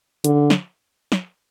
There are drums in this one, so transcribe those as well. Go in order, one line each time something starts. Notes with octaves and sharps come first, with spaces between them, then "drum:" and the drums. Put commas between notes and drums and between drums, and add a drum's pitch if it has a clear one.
D3, drum: hi-hat
drum: snare
drum: snare